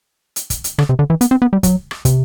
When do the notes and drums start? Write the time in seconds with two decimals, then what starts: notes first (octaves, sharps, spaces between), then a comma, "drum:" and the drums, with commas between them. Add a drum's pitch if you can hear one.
0.36 drum: hi-hat
0.50 drum: kick, hi-hat
0.64 drum: hi-hat
0.78 D3, drum: rim click
0.89 C3
0.99 D3
1.10 E3
1.21 B3, drum: hi-hat
1.31 C4
1.42 B3
1.53 G3
1.63 F#3, drum: kick, hi-hat
1.91 drum: rim click
2.05 C3, drum: kick, hi-hat